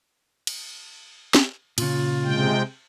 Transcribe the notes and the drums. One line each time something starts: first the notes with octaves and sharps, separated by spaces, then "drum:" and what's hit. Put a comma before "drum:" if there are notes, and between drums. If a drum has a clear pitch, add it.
drum: cymbal
drum: snare
A#2 C#3 F4, drum: cymbal
C3 G#3 G5